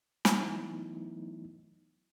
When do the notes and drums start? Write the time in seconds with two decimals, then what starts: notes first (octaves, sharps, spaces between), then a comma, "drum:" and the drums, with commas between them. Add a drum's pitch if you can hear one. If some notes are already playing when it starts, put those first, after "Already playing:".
0.25 E3 F#3 A3 B3 D#4 E4, drum: snare